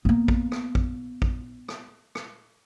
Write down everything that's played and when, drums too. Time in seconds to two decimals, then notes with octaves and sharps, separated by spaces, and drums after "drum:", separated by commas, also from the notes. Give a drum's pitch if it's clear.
0.05 A#3 B3
0.28 drum: kick A1
0.52 drum: rim click
0.75 drum: kick A1
1.22 drum: kick A1
1.69 drum: rim click
2.15 drum: rim click